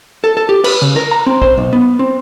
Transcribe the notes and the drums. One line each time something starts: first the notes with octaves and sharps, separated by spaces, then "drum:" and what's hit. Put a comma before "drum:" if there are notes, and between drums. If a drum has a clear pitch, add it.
A4
A4
G4
B4, drum: cymbal
C#3
A#4
A#5
C4
C5, drum: kick
B1
B3
C4